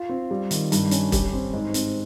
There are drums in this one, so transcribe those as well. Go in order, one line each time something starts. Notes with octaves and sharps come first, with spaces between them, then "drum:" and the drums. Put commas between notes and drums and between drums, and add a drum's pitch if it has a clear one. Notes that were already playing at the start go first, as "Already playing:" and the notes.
Already playing: F4
C4
G3
D#3, drum: hi-hat
G2, drum: hi-hat
C#4, drum: hi-hat
G4, drum: kick E1, hi-hat
C4
G#2
C4, drum: hi-hat